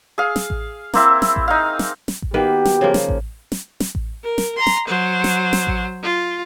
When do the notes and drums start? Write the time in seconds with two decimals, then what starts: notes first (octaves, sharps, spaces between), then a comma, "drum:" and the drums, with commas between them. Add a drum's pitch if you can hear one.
0.18 G#4 F5
0.36 drum: snare
0.50 drum: kick A1
0.94 A#3 C4 E4, drum: snare
1.22 drum: snare
1.36 drum: kick A1
1.48 D#4 F5
1.79 drum: snare
2.08 drum: snare
2.22 drum: kick A1
2.34 D#3 A#3 B3 F#4 G4 B4
2.65 drum: snare
2.81 C#3 F3 A#3
2.94 drum: snare
3.09 drum: kick A1
3.52 drum: snare
3.80 drum: snare
3.95 drum: kick A1
4.23 A#4
4.38 drum: snare
4.57 A#5 C6
4.67 drum: snare
4.87 F#3 C5
5.24 drum: snare
5.53 drum: snare
5.67 drum: kick A1
6.03 F4